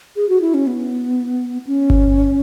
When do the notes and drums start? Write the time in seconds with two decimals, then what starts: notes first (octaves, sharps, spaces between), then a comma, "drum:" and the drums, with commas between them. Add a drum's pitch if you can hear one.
0.16 G#4
0.29 F#4
0.41 E4
0.54 C#4
0.67 B3
1.67 C#4
1.90 drum: kick G1